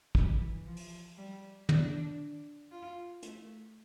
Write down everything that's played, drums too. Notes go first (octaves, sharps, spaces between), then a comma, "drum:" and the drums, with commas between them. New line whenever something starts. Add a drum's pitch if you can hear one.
E3, drum: kick
F3
drum: open hi-hat
G3
D4, drum: tom
F4
A3, drum: hi-hat